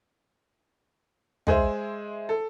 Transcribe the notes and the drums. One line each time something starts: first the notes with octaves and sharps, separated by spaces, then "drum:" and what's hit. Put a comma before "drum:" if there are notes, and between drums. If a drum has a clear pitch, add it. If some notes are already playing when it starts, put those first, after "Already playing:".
G#3 G#4 C5 E5, drum: tom
A4